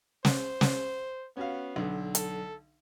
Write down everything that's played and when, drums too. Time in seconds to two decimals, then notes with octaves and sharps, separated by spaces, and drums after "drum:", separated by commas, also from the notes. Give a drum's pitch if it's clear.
0.25 C5, drum: snare
0.61 drum: snare
1.37 B3 C#4 F#4 F5
1.76 B1 D3
2.15 A4, drum: hi-hat